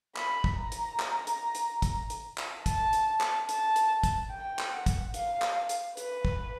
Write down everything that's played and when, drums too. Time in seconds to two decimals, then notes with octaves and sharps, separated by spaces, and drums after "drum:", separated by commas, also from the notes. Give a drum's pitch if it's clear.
0.16 B5, drum: clap
0.44 drum: kick
0.57 A#5
0.72 drum: hi-hat
0.99 drum: clap
1.27 drum: hi-hat
1.55 drum: hi-hat
1.82 drum: kick, hi-hat
2.10 drum: hi-hat
2.38 drum: clap
2.66 A5, drum: kick, hi-hat
2.93 drum: hi-hat
3.21 drum: clap
3.49 A5, drum: hi-hat
3.76 drum: hi-hat
4.03 drum: kick, hi-hat
4.31 G5
4.59 drum: clap
4.73 F#5
4.86 drum: kick, hi-hat
5.14 F5, drum: hi-hat
5.42 drum: clap
5.69 drum: hi-hat
5.97 B4, drum: hi-hat
6.25 drum: kick